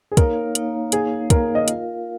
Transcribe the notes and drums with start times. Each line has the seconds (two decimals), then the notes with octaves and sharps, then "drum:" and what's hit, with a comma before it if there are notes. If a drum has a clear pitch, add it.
0.12 G#4
0.17 A#3 D#4 A#4 C#5 F5, drum: kick, hi-hat
0.55 A#3 D#4 C#5 F5, drum: hi-hat
0.92 A#3 D#4 G#4 C#5 F5, drum: hi-hat
1.30 A#3 D#4 A#4 C#5 F5, drum: kick, hi-hat
1.55 D#5
1.68 F4 A#4 F5, drum: hi-hat